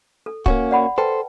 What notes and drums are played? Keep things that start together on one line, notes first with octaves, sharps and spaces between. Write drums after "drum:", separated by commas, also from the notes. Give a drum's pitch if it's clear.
A4
A#3 C#4 F#4, drum: kick
D5 F#5 B5
A4 B4 C5 G5 A5